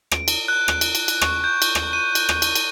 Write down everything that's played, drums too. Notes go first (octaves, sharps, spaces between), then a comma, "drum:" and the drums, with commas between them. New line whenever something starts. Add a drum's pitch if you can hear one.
D7, drum: rim click
drum: cymbal
F#6
drum: rim click
drum: cymbal
drum: cymbal
drum: cymbal
C#6, drum: rim click
G6
drum: cymbal
drum: rim click
D#7
drum: cymbal
drum: rim click
drum: cymbal
drum: cymbal